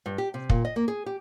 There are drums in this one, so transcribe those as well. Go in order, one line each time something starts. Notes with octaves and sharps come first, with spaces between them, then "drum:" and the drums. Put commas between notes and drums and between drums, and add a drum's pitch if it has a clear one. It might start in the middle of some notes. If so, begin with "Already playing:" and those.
G2
G4
C3
A#2, drum: kick
D#5
A#3
G#4
G4